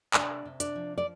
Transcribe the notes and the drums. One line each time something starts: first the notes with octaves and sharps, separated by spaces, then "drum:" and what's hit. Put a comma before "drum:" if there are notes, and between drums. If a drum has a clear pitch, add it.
C3 D4 D5, drum: clap
C3
D4 D5, drum: hi-hat
F3
D5